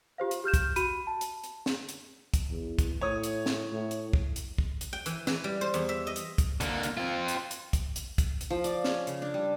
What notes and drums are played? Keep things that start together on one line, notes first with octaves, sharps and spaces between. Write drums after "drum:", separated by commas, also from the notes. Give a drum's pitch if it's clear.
F4 G4 C5 F5
drum: hi-hat
G4 F6 G6 E7
drum: kick, hi-hat
F#4 B5 D#7, drum: hi-hat
A5
drum: hi-hat
drum: hi-hat
drum: snare
drum: hi-hat
drum: kick, hi-hat
E2
drum: kick, hi-hat
A2 C#5 D#6
drum: hi-hat
drum: snare
A2
drum: hi-hat
drum: kick
drum: hi-hat
drum: kick
drum: hi-hat
G5
E3, drum: hi-hat
E3, drum: snare
G3
C5
E2, drum: hi-hat
E5
D#5
drum: hi-hat
drum: kick, hi-hat
D3 A#3, drum: hi-hat
drum: hi-hat
C4 F4
drum: hi-hat
drum: hi-hat
drum: kick, hi-hat
drum: hi-hat
drum: kick, hi-hat
drum: hi-hat
F3
D5, drum: hi-hat
C#4, drum: snare
C#3, drum: hi-hat
D4
G3